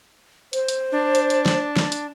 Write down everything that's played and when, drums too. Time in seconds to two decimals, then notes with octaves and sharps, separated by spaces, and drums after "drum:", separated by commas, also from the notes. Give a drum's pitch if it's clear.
0.53 C5, drum: hi-hat
0.68 drum: hi-hat
0.92 D4
1.15 drum: hi-hat
1.30 drum: hi-hat
1.46 drum: snare
1.76 drum: snare
1.92 drum: hi-hat